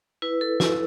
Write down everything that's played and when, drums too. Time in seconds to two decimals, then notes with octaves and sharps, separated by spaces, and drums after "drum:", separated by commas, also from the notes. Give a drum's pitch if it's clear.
0.22 E4 B4
0.41 A4
0.60 E4, drum: snare